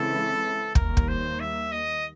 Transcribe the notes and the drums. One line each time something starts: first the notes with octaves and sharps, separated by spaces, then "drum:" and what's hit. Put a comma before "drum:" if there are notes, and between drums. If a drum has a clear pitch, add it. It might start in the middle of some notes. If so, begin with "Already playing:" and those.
Already playing: C#3 E3 G#3 C4 E4 A4
D#2 D#3 G3 A#3 A#4, drum: kick
drum: kick
C5
E5
D#5